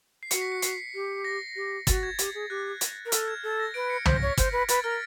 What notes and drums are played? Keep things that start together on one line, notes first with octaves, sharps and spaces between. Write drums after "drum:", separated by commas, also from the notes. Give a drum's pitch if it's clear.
C7
F#4 C#7, drum: hi-hat
B6
C#7
C7, drum: hi-hat
G4
A#6
G4
F#4 A6, drum: kick, hi-hat
G#6
G4, drum: hi-hat
G#4
G4 F#6
drum: hi-hat
A#4
A4 F6, drum: hi-hat
G#6
A4 G#6
A#6
B4 D7
C#7
C5 B6, drum: tom
A#6
C#5 B6
C5, drum: kick, hi-hat
B4
B4 A6, drum: hi-hat
A#4 F6